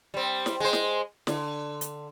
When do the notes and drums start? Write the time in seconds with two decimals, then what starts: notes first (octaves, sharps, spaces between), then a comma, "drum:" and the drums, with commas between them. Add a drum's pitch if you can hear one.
0.14 G3 C4
0.46 drum: snare
0.60 G#3 C5
0.73 drum: snare
1.27 D3, drum: snare
1.81 drum: hi-hat